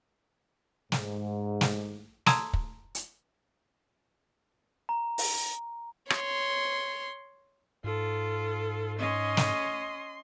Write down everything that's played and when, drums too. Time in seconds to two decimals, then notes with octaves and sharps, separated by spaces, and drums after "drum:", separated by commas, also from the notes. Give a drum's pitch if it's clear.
0.92 G#2, drum: snare
1.61 drum: snare
2.26 A5 A#5 C6 D#6 E6 G#6, drum: snare
2.53 drum: kick
2.95 drum: hi-hat
4.89 A#5
5.18 drum: open hi-hat
6.10 C#5 C6, drum: rim click
7.84 G#2 F4 A4
8.98 C#4 D#5 C6
9.37 drum: snare